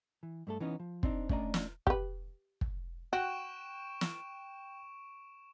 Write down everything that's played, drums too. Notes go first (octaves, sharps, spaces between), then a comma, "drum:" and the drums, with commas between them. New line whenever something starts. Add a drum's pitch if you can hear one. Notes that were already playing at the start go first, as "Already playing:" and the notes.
E3
G2 A3 A4
E3 B3 C#4 D#4
F3
C4 D4 D#4, drum: kick
A3 C#4 D4 D5 D#5 A#5, drum: kick
drum: snare
G4 B4, drum: kick
drum: kick
F#4 G5 C#6 F#6 D7 E7
drum: snare